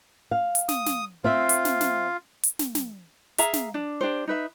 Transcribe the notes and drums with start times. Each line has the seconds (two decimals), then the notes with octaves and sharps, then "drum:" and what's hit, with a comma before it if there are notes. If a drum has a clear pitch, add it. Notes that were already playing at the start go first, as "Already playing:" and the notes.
0.31 F5
0.55 drum: hi-hat
0.69 D#6, drum: snare
0.86 drum: snare
1.24 C4 F4 E5
1.49 drum: hi-hat
1.65 drum: snare
1.81 drum: snare
2.43 drum: hi-hat
2.59 drum: snare
2.75 drum: snare
3.38 G#4 E5 F5 A#5, drum: hi-hat
3.53 drum: snare
3.74 D4
4.01 D4 G4 C5
4.27 D#4 B4 E5